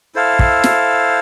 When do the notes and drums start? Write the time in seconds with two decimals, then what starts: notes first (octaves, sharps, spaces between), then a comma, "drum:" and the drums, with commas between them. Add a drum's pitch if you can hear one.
0.15 E4 A4 C5 F5
0.39 drum: kick
0.64 drum: snare